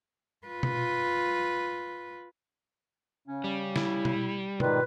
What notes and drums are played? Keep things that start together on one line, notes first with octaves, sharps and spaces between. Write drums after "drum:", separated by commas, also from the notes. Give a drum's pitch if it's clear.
F4 B4
drum: tom B2
C#3 C#4
G3
E4, drum: snare
drum: tom B2
G#2 D#3 G3 F4 B4, drum: tom B2